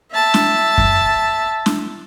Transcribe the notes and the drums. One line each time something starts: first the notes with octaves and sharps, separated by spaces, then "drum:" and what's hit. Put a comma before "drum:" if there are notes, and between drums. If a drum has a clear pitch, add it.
E5 A5
drum: snare
drum: kick F#2
drum: snare